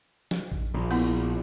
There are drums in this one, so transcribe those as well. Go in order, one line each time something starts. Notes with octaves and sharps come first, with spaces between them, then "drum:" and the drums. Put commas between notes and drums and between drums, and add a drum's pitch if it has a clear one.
drum: snare
drum: kick A1
A#1
B3 E4, drum: cymbal